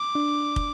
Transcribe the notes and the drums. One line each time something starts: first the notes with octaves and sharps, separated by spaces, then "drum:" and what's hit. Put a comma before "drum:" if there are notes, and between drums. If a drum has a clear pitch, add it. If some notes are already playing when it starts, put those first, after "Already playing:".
Already playing: D6
D4
drum: kick